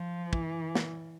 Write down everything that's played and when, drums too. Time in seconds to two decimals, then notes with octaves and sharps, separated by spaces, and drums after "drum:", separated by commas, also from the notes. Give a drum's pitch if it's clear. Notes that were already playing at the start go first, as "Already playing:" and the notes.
Already playing: F3
0.33 E3, drum: kick
0.75 drum: snare